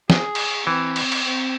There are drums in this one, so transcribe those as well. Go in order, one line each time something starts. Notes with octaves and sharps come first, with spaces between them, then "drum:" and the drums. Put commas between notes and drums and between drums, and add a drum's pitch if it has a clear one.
G#4, drum: snare
drum: cymbal
E3 C4
drum: cymbal
drum: cymbal
C4